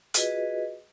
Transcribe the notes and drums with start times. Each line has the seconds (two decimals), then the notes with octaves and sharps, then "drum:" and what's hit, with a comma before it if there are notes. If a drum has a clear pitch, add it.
0.14 F4 F#4 G#4 B4 D#5, drum: hi-hat